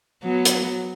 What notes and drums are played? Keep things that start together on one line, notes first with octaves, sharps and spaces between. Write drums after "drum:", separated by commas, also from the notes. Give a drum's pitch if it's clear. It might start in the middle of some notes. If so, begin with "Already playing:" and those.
F#3 B3
drum: hi-hat